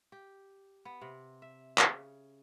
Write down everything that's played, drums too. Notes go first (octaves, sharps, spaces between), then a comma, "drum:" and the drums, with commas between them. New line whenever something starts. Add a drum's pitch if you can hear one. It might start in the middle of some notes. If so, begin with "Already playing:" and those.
G4
B3
C3
E5
C#3, drum: clap